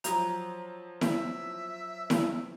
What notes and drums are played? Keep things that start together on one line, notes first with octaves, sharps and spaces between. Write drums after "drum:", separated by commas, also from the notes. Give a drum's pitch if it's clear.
F3 F#3 A#5, drum: hi-hat
E5, drum: snare E4
drum: snare E4